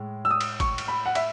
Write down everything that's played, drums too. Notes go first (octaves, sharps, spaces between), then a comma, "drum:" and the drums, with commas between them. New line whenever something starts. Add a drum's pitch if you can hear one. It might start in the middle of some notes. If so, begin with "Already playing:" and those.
Already playing: A2 G#3
E6
D#6
drum: cymbal
C#6, drum: kick, cymbal
drum: cymbal
B5
F#5
E5, drum: cymbal